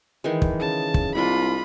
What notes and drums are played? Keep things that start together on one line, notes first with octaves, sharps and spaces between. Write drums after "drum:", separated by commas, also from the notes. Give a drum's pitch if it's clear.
D#3 E3 G#3
drum: kick
C#3 A5
drum: kick
C2 G#3 D4 F4 B5